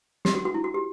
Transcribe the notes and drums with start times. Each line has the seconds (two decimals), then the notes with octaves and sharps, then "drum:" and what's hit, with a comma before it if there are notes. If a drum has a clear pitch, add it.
0.25 G4, drum: snare
0.35 F#4
0.45 F#4
0.54 E4
0.64 F#4
0.74 G4